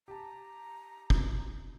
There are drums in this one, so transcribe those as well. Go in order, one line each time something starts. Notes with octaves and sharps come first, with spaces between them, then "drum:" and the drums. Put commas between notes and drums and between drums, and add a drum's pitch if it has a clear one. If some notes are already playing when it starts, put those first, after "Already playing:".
G4 A5 A#5
drum: kick